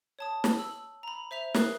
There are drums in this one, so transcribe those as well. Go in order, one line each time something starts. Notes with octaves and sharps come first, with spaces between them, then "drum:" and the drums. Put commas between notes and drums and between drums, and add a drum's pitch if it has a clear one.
C#5 A5 D#6
drum: snare
E6 F#7
A#5 B5
C5 E5 B6 F7
A#4 B4 D#6 F#6 C7, drum: snare